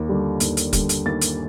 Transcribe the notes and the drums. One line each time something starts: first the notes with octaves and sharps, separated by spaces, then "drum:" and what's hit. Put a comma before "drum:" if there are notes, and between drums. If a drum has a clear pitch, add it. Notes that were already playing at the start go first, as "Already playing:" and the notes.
Already playing: D#2
D3 G3
D#2, drum: hi-hat
drum: hi-hat
D3 G3, drum: kick, hi-hat
drum: hi-hat
D#2 A6
drum: hi-hat